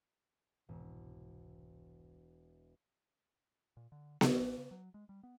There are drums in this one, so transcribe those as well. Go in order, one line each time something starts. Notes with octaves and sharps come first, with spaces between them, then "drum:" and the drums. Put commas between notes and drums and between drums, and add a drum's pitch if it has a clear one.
E1 C2 G#2 B2
A#2
D3
D2, drum: snare B3
A1
C#3
F#3
G#3
G3
B3